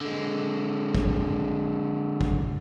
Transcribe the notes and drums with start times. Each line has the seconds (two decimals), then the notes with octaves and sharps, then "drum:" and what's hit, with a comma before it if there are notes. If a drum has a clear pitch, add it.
0.01 D3 G#3
0.95 drum: kick
2.21 drum: kick